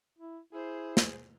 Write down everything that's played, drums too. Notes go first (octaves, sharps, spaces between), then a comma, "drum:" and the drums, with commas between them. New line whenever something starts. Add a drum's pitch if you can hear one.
E4
E4 G#4 C5
drum: snare